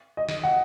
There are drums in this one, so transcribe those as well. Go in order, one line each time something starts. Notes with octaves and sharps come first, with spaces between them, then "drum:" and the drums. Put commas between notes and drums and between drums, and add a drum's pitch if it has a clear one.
D#5
drum: snare
F#5